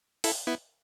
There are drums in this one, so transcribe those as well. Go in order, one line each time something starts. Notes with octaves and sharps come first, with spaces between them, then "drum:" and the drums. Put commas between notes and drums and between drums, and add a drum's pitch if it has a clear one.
E4 A4, drum: open hi-hat
B3 E4